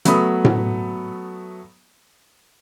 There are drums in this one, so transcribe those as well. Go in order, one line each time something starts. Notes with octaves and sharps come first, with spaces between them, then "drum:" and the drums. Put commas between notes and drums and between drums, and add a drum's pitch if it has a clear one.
F#3 A3 B3 B5 D#6, drum: hi-hat
drum: tom A2